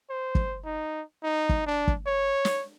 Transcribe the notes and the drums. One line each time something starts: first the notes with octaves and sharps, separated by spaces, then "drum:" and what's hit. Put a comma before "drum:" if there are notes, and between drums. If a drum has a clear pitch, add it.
C5
drum: kick
D#4
D#4
drum: kick
D4
drum: kick
C#5
drum: snare